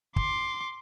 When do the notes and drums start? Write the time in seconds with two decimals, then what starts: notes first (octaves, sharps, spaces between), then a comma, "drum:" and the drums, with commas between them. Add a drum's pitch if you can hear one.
0.16 C6 D6, drum: kick